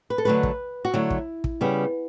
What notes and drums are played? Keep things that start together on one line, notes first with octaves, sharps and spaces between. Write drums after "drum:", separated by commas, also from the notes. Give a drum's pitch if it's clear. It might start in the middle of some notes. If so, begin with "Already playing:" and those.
B4
A4
D3 F#3 A3 B4
drum: kick
F#4
D3 F#3 A3 E4
drum: kick
drum: kick
C#3 G3 B3